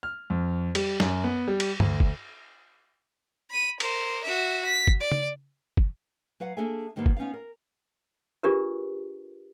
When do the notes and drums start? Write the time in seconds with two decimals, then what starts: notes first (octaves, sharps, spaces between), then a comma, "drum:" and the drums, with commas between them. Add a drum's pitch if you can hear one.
0.03 F6
0.30 F2
0.75 G3, drum: cymbal
1.00 F#2, drum: snare
1.24 B3
1.48 G3
1.60 drum: cymbal
1.80 D2, drum: tom G2
2.00 drum: kick
3.50 B5 D#7
3.80 A#4 C5, drum: cymbal
4.24 F#4 E5
4.65 B6
4.87 drum: kick
5.00 D5
5.12 drum: tom C#3
5.77 drum: kick
6.40 F#3 B4 F5 F#5
6.57 A#3 D4 G#4 A4 E5 G#5
6.96 G#2 D#3 G3 A#3 B3
7.06 drum: kick
7.17 B3 C#4 D#4 B4 F5
7.34 A#4
8.43 D4 F4 G4 G#4 A#4 B4